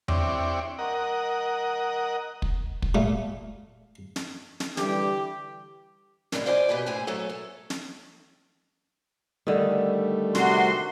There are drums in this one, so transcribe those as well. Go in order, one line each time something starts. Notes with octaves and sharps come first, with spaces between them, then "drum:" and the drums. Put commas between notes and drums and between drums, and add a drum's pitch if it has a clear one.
C4 D4 E4 G4 C#5 D5, drum: tom E2
A#4 D#5 F#5
drum: kick
drum: kick
A#2 A3
drum: snare
drum: snare
D3 E3 G3 G4, drum: snare
F#2 A2 D3 E3 G#3 C#4, drum: snare
F4 C5 D5 D#5 F5 G#5
B2 G4 B4 G#5
F2 A2 G#4 C5 G#5
F#3 A3 C#4 A4 C#5
A4
drum: snare
D3 D#3 G3 A3
C3 F#4 C6, drum: snare